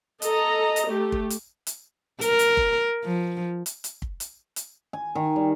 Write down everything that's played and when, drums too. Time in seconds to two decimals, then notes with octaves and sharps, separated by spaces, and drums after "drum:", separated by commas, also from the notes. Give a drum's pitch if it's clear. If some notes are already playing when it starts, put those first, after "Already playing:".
0.22 A4 D#5 A#5, drum: hi-hat
0.76 drum: hi-hat
0.88 A3 G4
1.12 drum: kick
1.30 drum: hi-hat
1.67 drum: hi-hat
2.21 A#4, drum: hi-hat
2.39 drum: hi-hat
2.57 drum: kick
3.05 F3
3.66 drum: hi-hat
3.84 drum: hi-hat
4.02 drum: kick
4.20 drum: hi-hat
4.56 drum: hi-hat
4.93 G#5
5.15 D#3
5.36 G3